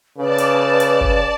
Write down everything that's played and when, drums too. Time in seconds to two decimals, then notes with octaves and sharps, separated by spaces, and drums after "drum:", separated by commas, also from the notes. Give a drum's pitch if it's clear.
0.18 C#3 B4 D5 A5
0.38 drum: hi-hat
0.80 drum: hi-hat
1.01 drum: kick